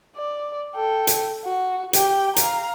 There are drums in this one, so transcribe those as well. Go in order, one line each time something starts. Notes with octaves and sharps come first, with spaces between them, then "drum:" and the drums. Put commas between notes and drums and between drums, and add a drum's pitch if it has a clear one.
D5
A4 G5
drum: hi-hat
F#4
G4 G5, drum: hi-hat
F5 A#5, drum: hi-hat